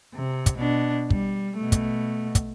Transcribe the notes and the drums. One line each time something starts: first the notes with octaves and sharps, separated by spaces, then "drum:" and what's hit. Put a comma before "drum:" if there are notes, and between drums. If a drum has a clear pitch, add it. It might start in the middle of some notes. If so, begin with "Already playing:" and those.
C3
drum: kick, hi-hat
B2 D4
G3, drum: kick
B2 A3
drum: kick, hi-hat
drum: kick, hi-hat